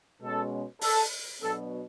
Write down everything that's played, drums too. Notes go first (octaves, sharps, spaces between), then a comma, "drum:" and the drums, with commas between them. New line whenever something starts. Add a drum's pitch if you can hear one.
B2 G#3 C#4 A4
A4, drum: open hi-hat
B2 F#3 B3 D4 A4